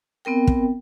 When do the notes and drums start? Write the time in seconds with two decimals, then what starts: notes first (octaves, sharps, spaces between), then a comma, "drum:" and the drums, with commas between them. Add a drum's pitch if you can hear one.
0.25 B3 C4 A#4 G5
0.47 drum: kick